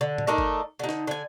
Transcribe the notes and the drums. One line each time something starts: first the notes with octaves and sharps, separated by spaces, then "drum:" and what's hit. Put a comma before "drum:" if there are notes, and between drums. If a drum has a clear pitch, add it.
D3
drum: tom A2
A3 D4 D#4 A#4
drum: kick G1
D3 D#4
drum: snare
D3 G#5